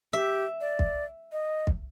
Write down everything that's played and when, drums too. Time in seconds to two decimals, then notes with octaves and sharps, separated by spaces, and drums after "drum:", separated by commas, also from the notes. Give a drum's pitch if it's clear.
0.13 G4 E5
0.61 D5
0.79 drum: kick
1.32 D#5
1.67 drum: kick